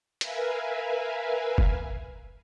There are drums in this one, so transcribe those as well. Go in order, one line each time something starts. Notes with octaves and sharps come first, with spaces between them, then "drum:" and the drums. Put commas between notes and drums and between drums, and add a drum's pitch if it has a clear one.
A#4 B4 E5 F5 G#5, drum: hi-hat
drum: kick